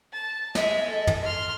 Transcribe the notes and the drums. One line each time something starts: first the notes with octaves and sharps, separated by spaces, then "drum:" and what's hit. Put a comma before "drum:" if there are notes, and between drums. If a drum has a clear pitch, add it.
A5
G#3 D#5 E5, drum: snare
A4
drum: tom
C6 F6